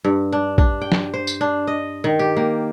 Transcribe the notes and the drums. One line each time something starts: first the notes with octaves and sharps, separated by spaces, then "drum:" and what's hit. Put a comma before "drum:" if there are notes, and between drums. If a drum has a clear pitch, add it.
G2
D4
D4, drum: kick
G5
drum: snare
C5
drum: tambourine
D4
D#5
D#3
G4
A#3